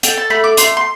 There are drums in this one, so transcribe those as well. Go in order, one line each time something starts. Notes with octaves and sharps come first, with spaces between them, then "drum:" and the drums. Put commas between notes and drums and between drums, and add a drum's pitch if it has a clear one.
A4 G5, drum: hi-hat
A5
A3 B5
D6
A3 C6, drum: hi-hat
C6